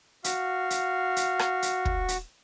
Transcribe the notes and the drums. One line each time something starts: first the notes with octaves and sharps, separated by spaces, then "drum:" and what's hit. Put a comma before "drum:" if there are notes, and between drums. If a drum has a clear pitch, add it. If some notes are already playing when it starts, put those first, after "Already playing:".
F#4 F5, drum: hi-hat
drum: hi-hat
drum: hi-hat
drum: rim click
drum: hi-hat
drum: kick
drum: hi-hat